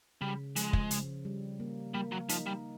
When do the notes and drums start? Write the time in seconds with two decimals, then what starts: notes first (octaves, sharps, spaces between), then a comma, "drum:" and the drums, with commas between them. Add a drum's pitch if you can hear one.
0.21 C#3 G3
0.56 F3 G#3, drum: hi-hat
0.73 drum: kick
0.91 C#3, drum: hi-hat
1.25 G3
1.60 A#3
1.94 G3 A#3
2.12 F#3
2.29 F3 D#4, drum: hi-hat
2.46 G3